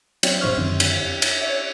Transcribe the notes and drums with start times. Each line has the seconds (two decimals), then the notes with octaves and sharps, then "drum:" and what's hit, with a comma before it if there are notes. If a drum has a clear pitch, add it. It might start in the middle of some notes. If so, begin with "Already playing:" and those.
0.23 F#3 C4 D4 C#5 D5 G5, drum: cymbal
0.41 G2 A#2 F3 C5 C#6 F6
0.57 F#2 D3 D#3 C4
0.80 drum: cymbal
0.99 F2
1.22 A#6, drum: cymbal
1.41 C#5 D5 E5